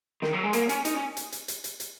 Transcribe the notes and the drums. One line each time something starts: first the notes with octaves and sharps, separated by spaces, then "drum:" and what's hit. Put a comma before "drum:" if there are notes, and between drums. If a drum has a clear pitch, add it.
D#3, drum: snare
F#3
G#3
A#3, drum: hi-hat
C#4, drum: hi-hat
D#4, drum: hi-hat
C#4
drum: hi-hat
drum: hi-hat
drum: hi-hat
drum: hi-hat
drum: hi-hat